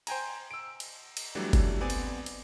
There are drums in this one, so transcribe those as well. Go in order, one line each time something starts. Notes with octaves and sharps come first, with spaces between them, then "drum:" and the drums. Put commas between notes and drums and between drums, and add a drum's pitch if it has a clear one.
C5 G5 G#5 A#5, drum: cymbal
E6 D7
drum: cymbal
drum: cymbal
E3 F#3 G3 A3 D4
drum: kick G1, cymbal
B3 C4 D5 G#5
drum: cymbal
drum: cymbal